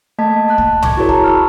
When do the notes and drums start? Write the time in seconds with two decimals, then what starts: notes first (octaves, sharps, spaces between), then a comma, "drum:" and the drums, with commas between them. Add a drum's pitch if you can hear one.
0.18 A3 A#3 D#5 A5 G#6 B6
0.49 A5 F#6
0.58 drum: kick C#2
0.82 C#6 D6 G#6, drum: tom
0.97 E4 F#4 G#4 A#4 C#5
1.09 A5 A#5, drum: kick C#2
1.24 A5 B5 C#6 E6 F6